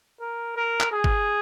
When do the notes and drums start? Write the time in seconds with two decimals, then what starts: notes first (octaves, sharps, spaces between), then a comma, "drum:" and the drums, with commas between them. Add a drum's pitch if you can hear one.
0.21 A#4
0.57 A#4
0.80 drum: clap
0.92 G#4
1.04 drum: kick